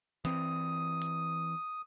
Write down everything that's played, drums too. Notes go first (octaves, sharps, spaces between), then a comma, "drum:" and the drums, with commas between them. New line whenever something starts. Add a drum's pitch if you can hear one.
E3 C4 D#6, drum: hi-hat
drum: hi-hat